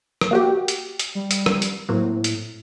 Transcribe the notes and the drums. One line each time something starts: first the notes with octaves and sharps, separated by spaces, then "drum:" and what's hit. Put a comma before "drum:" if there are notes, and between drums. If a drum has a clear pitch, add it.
drum: rim click
A#3 F#4 G4
drum: hi-hat
drum: hi-hat
G3
drum: hi-hat
drum: rim click
drum: hi-hat
A2 F#3 A#3 C4
drum: hi-hat